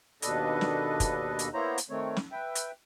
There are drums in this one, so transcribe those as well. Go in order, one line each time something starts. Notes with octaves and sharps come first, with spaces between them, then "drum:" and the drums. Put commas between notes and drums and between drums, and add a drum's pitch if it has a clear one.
D#2 B2 D4 A4 B4 D#5, drum: hi-hat
drum: snare
drum: kick, hi-hat
drum: hi-hat
A#3 B3 E4 C5 C#5 A#5
drum: hi-hat
D#3 A3 C4 C#5
drum: snare
B4 E5 G5
drum: hi-hat